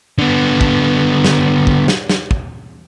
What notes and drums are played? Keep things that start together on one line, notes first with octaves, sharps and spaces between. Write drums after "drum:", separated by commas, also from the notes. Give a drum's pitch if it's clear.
D3 B3
drum: kick
drum: snare
drum: kick
drum: snare
drum: snare
drum: kick